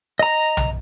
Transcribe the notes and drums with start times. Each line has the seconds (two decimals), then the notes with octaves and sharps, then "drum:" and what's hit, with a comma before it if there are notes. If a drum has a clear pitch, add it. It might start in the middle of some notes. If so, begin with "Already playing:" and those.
0.19 D#5 A#5
0.57 drum: tom B1